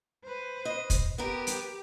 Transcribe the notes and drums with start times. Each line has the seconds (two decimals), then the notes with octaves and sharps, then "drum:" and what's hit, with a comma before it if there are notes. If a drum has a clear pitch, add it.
0.24 B4 C5
0.65 D#5
0.90 drum: kick, hi-hat
1.18 B3 G4 A#4
1.47 drum: hi-hat